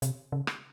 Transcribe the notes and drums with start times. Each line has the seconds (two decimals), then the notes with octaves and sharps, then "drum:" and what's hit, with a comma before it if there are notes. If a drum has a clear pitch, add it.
0.02 C3, drum: hi-hat
0.32 C#3
0.47 drum: rim click